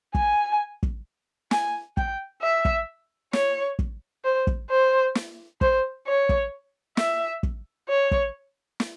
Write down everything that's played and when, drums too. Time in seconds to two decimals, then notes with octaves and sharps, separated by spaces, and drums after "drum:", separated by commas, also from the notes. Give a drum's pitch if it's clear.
0.15 G#5, drum: kick
0.83 drum: kick
1.51 G#5, drum: snare
1.97 G5, drum: kick
2.42 E5
2.65 drum: kick
3.33 C#5, drum: snare
3.79 drum: kick
4.24 C5
4.47 drum: kick
4.70 C5
5.15 drum: snare
5.61 C5, drum: kick
6.07 C#5
6.29 drum: kick
6.97 E5, drum: snare
7.43 drum: kick
7.89 C#5
8.11 drum: kick
8.80 drum: snare